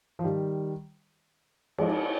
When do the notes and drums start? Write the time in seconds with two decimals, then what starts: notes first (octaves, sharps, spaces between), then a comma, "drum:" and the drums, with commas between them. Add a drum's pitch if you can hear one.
0.19 F3
0.24 D#3 G3
1.78 F3 G#3, drum: cymbal